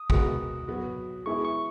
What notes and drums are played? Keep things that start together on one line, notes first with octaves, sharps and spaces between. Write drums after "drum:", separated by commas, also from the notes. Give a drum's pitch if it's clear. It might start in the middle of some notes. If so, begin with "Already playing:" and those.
Already playing: D#6
G#3 B3 F#4 A#4, drum: kick
F#3 B3 F#4
G#3 B3 E4 G#4 C#6
C#6